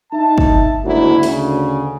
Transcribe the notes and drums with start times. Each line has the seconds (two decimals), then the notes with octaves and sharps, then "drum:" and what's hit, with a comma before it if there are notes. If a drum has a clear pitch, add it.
0.12 D#4 E5 A5
0.38 drum: kick
0.83 F#1 D2 G#2 F#3 E4
1.23 D2 C#3, drum: open hi-hat